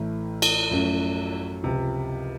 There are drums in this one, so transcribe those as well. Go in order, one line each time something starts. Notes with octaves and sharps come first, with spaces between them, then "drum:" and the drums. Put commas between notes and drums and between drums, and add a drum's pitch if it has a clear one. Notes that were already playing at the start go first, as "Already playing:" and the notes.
Already playing: A1 A2 A3
drum: cymbal
F#2 F3 A3 C#4
C#2 C3 F3